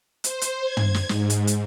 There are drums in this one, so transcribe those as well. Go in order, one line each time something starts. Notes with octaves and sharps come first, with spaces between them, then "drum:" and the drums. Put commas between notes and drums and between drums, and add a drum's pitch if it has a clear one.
C5, drum: hi-hat
drum: hi-hat
G#6
drum: tom
drum: snare
G#2, drum: snare
drum: hi-hat
drum: hi-hat